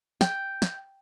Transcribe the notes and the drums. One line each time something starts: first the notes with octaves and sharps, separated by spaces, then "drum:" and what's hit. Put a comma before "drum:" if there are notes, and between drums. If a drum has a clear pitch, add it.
G5, drum: snare
drum: snare